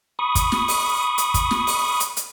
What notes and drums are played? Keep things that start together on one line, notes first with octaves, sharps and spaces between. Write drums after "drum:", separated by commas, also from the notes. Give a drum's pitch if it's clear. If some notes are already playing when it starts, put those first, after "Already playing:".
B5 C#6 D#6
drum: kick, hi-hat
drum: snare
drum: open hi-hat
drum: hi-hat
drum: kick, hi-hat
drum: snare
drum: open hi-hat
drum: hi-hat
drum: hi-hat